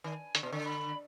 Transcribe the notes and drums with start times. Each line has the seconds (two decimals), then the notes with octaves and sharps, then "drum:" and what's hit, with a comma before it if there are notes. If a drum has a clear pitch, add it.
0.04 D#3 G#5
0.35 D3, drum: hi-hat
0.43 B2
0.52 D3
0.65 B5